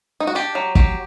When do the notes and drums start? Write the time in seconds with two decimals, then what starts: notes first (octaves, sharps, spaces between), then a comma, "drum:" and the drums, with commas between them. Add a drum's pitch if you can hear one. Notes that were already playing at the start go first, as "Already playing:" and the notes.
0.20 D#4
0.27 F#4
0.35 D4 G4
0.55 F#3
0.75 F#3 G4, drum: kick